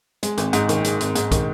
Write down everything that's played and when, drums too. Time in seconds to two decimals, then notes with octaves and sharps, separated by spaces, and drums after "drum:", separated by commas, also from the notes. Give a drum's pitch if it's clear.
0.23 G#3, drum: hi-hat
0.38 G#1, drum: hi-hat
0.53 G#2, drum: hi-hat
0.69 D#3, drum: hi-hat
0.84 G#3, drum: hi-hat
1.01 G#1, drum: hi-hat
1.15 G#2, drum: hi-hat
1.31 D#3, drum: kick, hi-hat